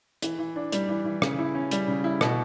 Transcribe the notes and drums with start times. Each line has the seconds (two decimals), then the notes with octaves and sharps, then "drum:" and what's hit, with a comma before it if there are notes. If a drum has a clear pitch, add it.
0.22 E3, drum: hi-hat
0.39 E3
0.56 D4
0.72 G3, drum: hi-hat
0.89 E3
1.05 E3
1.22 C#3, drum: rim click
1.39 E4
1.55 C#4
1.71 G3, drum: hi-hat
1.88 C#3
2.04 E4
2.21 B2, drum: rim click